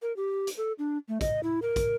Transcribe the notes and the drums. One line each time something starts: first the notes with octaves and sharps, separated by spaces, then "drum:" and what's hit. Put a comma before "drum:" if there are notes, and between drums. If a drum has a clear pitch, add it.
A#4
G4
drum: hi-hat
A4
D4
A3
D#5, drum: kick, hi-hat
E4
A#4
drum: kick, hi-hat